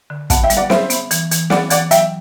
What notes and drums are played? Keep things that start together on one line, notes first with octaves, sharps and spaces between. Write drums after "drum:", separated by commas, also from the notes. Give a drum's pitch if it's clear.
D3
B3 F#5 A5, drum: kick, hi-hat
E5 G5
G3, drum: hi-hat
D5 F#5
B3 C5 E5, drum: snare
B3, drum: hi-hat
E3, drum: hi-hat
E3, drum: hi-hat
B3 D5 F#5, drum: snare
E3 D5 F#5, drum: hi-hat
F#3 E5 G5, drum: hi-hat